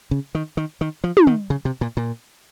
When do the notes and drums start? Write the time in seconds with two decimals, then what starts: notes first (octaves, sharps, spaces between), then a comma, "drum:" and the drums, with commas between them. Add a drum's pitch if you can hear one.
0.11 C#3
0.35 D#3
0.57 D#3
0.81 D#3
1.04 F3
1.17 drum: tom
1.27 D#3
1.50 C#3
1.65 C3
1.81 A#2
1.97 A#2